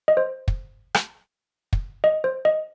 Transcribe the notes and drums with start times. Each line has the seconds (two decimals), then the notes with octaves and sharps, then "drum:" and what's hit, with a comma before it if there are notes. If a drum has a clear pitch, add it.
0.08 D#5
0.17 C5
0.48 drum: kick
0.94 drum: rim click
1.73 drum: kick
2.04 D#5
2.24 C5
2.45 D#5